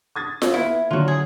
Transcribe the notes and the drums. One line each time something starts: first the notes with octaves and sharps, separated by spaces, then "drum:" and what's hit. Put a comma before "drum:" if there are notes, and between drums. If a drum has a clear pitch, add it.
D#6 G#6 A6
drum: snare F4
B3 E4 F4
D3 F#3 F4 F#4
G#4